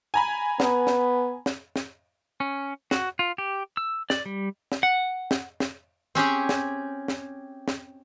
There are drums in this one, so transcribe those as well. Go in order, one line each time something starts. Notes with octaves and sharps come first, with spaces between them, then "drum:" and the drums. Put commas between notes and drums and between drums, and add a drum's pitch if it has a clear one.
G#5 A#5 B5
B3, drum: snare
drum: snare
drum: snare
drum: snare
C#4
F#4, drum: snare
F4
G4
E6
D5, drum: snare
G3
drum: snare
F#5
drum: snare
drum: snare
C4 C#4 G4 G#4
drum: snare
drum: snare
drum: snare